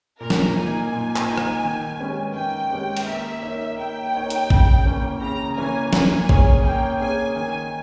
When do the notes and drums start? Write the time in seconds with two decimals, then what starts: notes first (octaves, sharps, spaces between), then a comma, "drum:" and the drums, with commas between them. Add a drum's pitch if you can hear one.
0.20 A#2 A#4
0.30 drum: snare
0.56 A#3 D#4 G#5
0.92 A#2
1.16 drum: clap
1.27 A#3 D#4
1.38 drum: rim click
1.64 D#3
1.99 G#3 C#4 G4 B4
2.35 D#3 G5
2.71 G#3 C#4 G4 B4
2.97 drum: cymbal
3.06 A#3 E5
3.42 D#4 A#4 C#5
3.78 A#3 G5
4.14 D#4 A#4 C#5
4.30 drum: hi-hat
4.50 C#3, drum: kick
4.86 E3 A#3 C#4
5.21 C#3 A#5
5.57 E3 A#3 C#4 G#5
5.93 A#3 G#5, drum: snare
6.29 C#4 G#4 C#5, drum: kick
6.64 A#3 G5
7.00 C#4 G#4 C#5 G#5
7.36 D#3 G#5